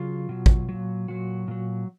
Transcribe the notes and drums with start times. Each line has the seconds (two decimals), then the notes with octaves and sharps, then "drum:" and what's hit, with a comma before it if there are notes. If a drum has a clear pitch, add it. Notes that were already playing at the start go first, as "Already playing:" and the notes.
Already playing: C#3 F#3 F4
0.29 B2 F#3
0.46 drum: kick
0.69 A#2 F#3
1.08 A#2 F#3 F#4
1.48 A#2 F#3